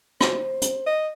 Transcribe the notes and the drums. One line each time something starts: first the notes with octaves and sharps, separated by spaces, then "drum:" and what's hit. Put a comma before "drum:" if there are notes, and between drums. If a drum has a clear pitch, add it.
C5, drum: rim click
drum: hi-hat
D#5